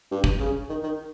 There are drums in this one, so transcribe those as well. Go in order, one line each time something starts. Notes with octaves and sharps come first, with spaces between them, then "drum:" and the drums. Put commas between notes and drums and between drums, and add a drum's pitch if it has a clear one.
G2
drum: kick
C#3
D#3
D#3